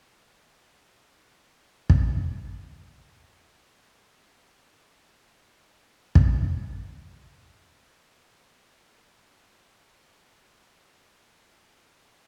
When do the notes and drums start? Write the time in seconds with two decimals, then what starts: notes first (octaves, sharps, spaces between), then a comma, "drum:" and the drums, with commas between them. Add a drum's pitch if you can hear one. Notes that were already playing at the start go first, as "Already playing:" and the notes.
0.17 D6
1.02 A#6
1.90 drum: kick
2.42 D5
2.72 B5
3.41 F#4
4.08 C#4
4.73 C2
5.78 F#2 F#5
6.15 drum: kick
7.24 G#6
7.42 G2
7.74 D6
7.95 F1
8.21 F#6
8.38 C2
8.91 C#7
9.14 D5
9.44 D6
9.81 D#3 A4
10.36 F#3 D4
10.94 C#4
11.20 F5
11.62 E3